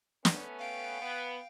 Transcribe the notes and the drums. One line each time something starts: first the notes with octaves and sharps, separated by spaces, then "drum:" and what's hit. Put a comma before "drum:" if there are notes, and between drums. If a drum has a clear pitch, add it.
A3 B3 C#4, drum: snare
F5 G5
B3